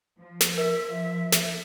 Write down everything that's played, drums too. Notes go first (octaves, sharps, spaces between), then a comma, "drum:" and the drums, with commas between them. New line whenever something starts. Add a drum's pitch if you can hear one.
F3
drum: snare
A#4 E5
drum: snare